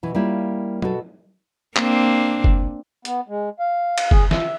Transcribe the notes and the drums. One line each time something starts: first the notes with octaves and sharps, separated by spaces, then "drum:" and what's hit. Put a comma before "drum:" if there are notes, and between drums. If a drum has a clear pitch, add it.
B2 E3 E4
G3 A#3 C#4 E4 F4
B2 F#4 A4, drum: tom
A#3 C4 D4, drum: clap
drum: kick F#1
B3, drum: hi-hat
G#3
F5
drum: cymbal
G#4, drum: kick F#1
E5, drum: snare